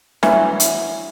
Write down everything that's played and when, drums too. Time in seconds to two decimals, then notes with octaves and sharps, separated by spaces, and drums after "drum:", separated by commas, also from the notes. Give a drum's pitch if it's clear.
0.23 E3 F#3, drum: snare
0.60 drum: hi-hat